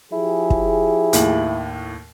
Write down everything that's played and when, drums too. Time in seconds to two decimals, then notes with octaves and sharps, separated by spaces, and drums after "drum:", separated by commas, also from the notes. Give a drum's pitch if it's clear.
0.12 F3 E4 G4 G#4
0.50 drum: kick
1.13 D#2 A2 F#7, drum: hi-hat